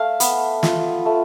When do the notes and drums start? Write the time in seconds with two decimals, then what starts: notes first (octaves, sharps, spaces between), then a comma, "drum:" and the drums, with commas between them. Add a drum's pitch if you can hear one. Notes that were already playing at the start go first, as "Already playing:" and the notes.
Already playing: A3 F5
0.20 B3, drum: hi-hat
0.63 F4, drum: snare
1.05 A3